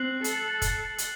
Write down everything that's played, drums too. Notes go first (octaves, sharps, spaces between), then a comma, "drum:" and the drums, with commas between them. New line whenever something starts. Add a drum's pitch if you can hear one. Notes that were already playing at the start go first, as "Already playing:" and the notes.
Already playing: C4 F#6 C7 F#7
A4, drum: hi-hat
drum: kick, hi-hat
drum: hi-hat